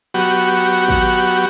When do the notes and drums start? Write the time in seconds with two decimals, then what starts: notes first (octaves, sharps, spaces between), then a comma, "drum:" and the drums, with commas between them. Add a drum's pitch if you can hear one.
0.14 F#3 B3 F#4 G4
0.88 drum: kick